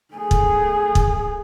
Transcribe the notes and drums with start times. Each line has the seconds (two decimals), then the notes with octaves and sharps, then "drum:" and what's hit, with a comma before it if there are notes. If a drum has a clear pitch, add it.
0.15 A3 G#4
0.31 drum: kick
0.95 drum: kick